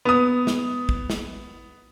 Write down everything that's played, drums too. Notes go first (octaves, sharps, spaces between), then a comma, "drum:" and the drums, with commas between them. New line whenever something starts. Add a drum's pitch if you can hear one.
B3 D#6
drum: snare
drum: kick
drum: snare